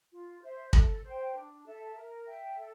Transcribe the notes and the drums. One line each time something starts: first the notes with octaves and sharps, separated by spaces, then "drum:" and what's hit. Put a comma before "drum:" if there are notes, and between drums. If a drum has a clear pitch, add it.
F4
C5 E5
A4, drum: kick
C5 G5
D4
A4 E5 A5
A#4
E5 G5
A4